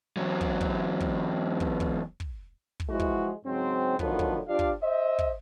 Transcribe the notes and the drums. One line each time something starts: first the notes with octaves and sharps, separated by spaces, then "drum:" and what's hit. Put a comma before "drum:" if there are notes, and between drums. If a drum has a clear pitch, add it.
E2 F#3
drum: kick
drum: kick
drum: kick
drum: kick
drum: kick
drum: kick
drum: kick
E3 F3 G#3 E4 F#4
drum: kick
G#2 C#3 F#3 C4
A2 D3 D#3 F3 F#3 B3, drum: kick
drum: kick
F3 D4 F4 G4 D5 F5
drum: kick
C5 D#5 E5
drum: kick